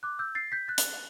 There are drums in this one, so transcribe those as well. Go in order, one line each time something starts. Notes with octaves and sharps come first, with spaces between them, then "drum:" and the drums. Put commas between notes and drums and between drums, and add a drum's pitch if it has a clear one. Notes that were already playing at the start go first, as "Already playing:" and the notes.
D6 F#6
E6 G6
A6 C7
G6 B6
F#6 A6
drum: hi-hat